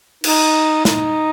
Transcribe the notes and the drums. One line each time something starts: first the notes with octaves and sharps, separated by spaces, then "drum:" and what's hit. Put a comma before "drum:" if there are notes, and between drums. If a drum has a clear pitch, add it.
D#4, drum: cymbal
D#4, drum: snare